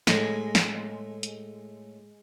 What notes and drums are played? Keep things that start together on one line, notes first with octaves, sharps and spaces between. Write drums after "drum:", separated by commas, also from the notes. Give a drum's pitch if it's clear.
A2 G#3, drum: snare
drum: snare
drum: hi-hat